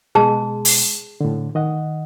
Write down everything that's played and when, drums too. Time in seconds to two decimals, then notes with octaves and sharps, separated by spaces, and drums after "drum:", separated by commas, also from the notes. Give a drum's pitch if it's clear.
0.15 B2 G#3 G#4 A5
0.65 drum: open hi-hat
1.21 A2 D3
1.55 D#3 D#5 F#5